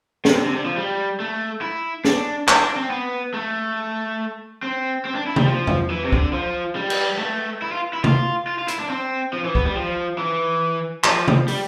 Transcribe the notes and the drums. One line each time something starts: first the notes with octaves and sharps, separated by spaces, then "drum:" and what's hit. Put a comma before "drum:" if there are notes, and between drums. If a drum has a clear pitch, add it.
C3, drum: snare
D3
C3
D3
F3
G3
A3
E4
D4, drum: snare
D4, drum: clap
D4
C4
B3
A3
C4
C4
D4
E4
G3, drum: tom C3
F3
drum: tom E2
E3
C3
D3, drum: kick
F3
G3
drum: cymbal
A3
E4
F4
E4
F4, drum: tom C3
F4
F4
E4, drum: hi-hat
D4
C4
F3
E3
B3, drum: kick
G3
F3
E3
F3, drum: clap
drum: tom C3
G3, drum: open hi-hat